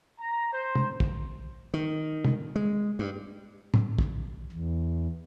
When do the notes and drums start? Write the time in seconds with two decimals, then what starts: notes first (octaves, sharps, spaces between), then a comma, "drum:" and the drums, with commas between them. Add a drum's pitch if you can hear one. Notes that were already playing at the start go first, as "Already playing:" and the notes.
0.19 A#5
0.53 C5
0.75 drum: tom
1.00 drum: kick
1.74 D#3
2.25 drum: tom
2.56 G#3
2.99 G2
3.74 drum: tom
3.99 drum: kick
4.52 E2